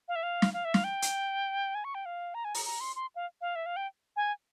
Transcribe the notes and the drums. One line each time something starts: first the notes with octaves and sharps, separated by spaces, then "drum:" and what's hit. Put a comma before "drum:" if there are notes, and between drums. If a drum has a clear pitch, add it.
F5
E5
F5
drum: snare
F5
E5
F5, drum: snare
G5
drum: hi-hat
G#5
C#6
G5
F5
A#5
G#5
A#5, drum: open hi-hat
A#5
C6
C6
F5
F5
E5
F5
G5
G#5